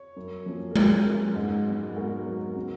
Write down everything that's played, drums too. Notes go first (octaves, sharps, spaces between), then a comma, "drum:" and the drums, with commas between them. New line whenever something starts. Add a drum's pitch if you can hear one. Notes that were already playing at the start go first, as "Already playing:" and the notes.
Already playing: C#5
F#2
F3 A#3 C#4
A#4
F#2 G#4 B4, drum: tom G#3
F3 A#3 C#4
G#2
F#3 B3
B4
G#2 F#4 A#4
F#3 B3
C#3